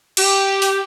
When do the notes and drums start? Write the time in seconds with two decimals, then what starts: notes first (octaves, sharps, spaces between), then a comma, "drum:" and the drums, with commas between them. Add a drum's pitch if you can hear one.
0.17 G4, drum: cymbal
0.62 drum: open hi-hat